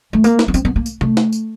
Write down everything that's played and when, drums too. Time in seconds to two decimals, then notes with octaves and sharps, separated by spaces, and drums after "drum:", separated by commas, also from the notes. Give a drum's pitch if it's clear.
0.13 A3
0.24 A#3, drum: tambourine
0.39 drum: snare
0.48 B3
0.54 C4, drum: tambourine
0.65 B3
0.76 A#3
0.86 drum: tambourine
1.01 A3, drum: tom C3
1.17 drum: snare
1.33 drum: tambourine